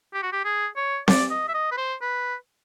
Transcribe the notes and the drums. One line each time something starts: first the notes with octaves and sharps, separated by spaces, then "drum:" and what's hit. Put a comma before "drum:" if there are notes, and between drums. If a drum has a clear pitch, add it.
G4
F#4
G4
G#4
C#5
D5, drum: snare C4
D#5
E5
D#5
B4
C5
B4